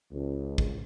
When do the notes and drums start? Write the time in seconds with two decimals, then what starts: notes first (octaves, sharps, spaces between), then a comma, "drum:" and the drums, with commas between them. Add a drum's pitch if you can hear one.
0.12 C#2
0.58 drum: kick